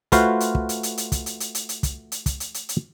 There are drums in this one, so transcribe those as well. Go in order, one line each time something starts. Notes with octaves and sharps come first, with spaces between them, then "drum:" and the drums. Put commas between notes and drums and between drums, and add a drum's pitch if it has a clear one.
A3 F4 F#4 B4 C5 F5, drum: kick, hi-hat
drum: hi-hat
drum: kick
drum: hi-hat
drum: hi-hat
drum: hi-hat
drum: kick, hi-hat
drum: hi-hat
drum: hi-hat
drum: hi-hat
drum: hi-hat
drum: kick, hi-hat
drum: hi-hat
drum: kick, hi-hat
drum: hi-hat
drum: hi-hat
drum: hi-hat